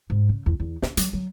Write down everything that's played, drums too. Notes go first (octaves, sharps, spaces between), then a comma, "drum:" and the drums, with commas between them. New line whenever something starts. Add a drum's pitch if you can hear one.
G#2
C#3
E2
E2
D4, drum: snare
F#3, drum: hi-hat
F#3